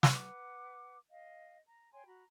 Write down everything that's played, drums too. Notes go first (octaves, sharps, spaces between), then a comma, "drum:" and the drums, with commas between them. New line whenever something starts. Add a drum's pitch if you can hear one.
B4 F#5 D6, drum: snare
D#5 F5
A#5
C#5 G5 G#5 C6
F#4 A#5 B5